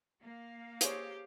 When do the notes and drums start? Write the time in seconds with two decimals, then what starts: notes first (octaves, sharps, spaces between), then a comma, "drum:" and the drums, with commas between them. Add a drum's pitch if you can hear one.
0.22 A#3 F5
0.81 G4 G#4 C5 C#5, drum: hi-hat